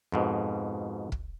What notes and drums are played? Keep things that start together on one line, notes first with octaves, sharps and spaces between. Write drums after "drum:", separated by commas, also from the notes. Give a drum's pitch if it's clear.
F2 G#2 B2
drum: kick